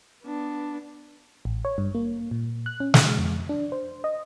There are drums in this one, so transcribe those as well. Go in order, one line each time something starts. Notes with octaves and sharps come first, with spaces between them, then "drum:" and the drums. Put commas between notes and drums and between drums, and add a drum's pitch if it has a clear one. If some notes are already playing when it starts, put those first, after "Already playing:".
B3 D4
A1
C#5
G2
A#3
A#2
F#6
C#4
F6, drum: snare
F2
D4
C5
D#5